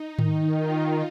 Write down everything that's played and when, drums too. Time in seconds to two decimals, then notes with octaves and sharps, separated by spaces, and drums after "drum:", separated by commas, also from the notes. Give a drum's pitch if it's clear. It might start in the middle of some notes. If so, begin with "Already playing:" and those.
Already playing: D#4
0.19 D#3, drum: tom G#2
0.59 F4